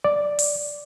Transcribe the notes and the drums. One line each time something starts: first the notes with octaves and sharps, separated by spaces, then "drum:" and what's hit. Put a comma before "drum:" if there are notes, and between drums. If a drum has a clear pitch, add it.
D5
drum: open hi-hat